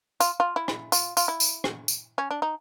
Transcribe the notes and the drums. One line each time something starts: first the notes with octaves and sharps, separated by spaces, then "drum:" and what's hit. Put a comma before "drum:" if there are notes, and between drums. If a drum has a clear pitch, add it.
F4, drum: tambourine
F4
E4
drum: rim click
F4, drum: tambourine
F4, drum: tambourine
E4
drum: tambourine
drum: rim click
drum: tambourine
C#4
D4
D#4